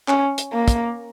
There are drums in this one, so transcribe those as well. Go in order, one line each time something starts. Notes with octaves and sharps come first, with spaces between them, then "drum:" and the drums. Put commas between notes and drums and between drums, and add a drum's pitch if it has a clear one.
C#4, drum: clap
drum: hi-hat
A#3
drum: kick, hi-hat